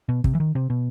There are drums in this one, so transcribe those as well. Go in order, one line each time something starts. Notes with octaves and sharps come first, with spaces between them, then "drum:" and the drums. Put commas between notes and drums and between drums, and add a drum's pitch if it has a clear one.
B2
C3, drum: kick
E3
D#3
C3
B2